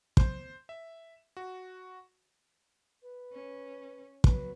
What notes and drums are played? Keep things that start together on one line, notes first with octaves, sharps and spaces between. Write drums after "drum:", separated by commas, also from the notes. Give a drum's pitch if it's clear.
C5, drum: kick
E5
F#4
B4
C#4
F#3 B4, drum: kick